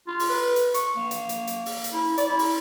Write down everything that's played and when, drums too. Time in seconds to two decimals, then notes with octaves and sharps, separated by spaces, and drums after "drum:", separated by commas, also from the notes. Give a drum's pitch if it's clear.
0.07 F4
0.19 drum: open hi-hat
0.29 B4
0.56 drum: hi-hat
0.74 C#6, drum: hi-hat
0.96 A#3
1.11 drum: hi-hat
1.29 drum: hi-hat
1.47 drum: hi-hat
1.66 drum: open hi-hat
1.84 drum: hi-hat
1.93 E4
2.18 D5, drum: hi-hat
2.29 E4
2.39 drum: open hi-hat